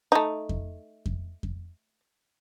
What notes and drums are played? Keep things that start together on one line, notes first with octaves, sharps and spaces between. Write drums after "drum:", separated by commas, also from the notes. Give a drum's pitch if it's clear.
A3 D#4
drum: kick F2
drum: kick F2
drum: kick F2